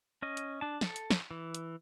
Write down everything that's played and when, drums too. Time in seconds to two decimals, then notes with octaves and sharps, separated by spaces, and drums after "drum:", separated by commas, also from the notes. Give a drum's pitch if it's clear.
0.22 C#4 D#5
0.37 drum: hi-hat
0.61 D4 A5
0.81 A4, drum: snare
0.96 drum: hi-hat
1.10 drum: snare
1.31 E3
1.55 drum: hi-hat